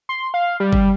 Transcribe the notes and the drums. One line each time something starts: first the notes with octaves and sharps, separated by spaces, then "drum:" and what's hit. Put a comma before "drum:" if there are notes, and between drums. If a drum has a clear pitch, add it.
C6
F5
G3
drum: kick G1